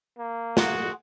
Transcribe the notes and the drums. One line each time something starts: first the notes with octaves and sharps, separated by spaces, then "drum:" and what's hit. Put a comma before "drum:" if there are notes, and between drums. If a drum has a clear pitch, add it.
A#3
F#4 G#4 F#5 C6, drum: snare